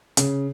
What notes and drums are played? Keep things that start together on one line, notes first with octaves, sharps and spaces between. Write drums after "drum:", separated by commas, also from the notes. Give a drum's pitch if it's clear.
C#3, drum: hi-hat